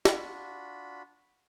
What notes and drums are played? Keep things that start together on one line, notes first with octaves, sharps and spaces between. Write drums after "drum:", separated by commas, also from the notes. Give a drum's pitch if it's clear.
D4 F4 F#4 B5, drum: snare